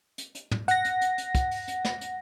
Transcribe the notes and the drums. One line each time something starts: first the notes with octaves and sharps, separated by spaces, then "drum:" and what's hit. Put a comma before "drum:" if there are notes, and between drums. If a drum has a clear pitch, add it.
drum: hi-hat
drum: hi-hat
drum: tom
F#5 A#6, drum: hi-hat
drum: hi-hat
drum: hi-hat
drum: hi-hat
drum: kick, hi-hat
drum: open hi-hat
drum: hi-hat
drum: snare
drum: hi-hat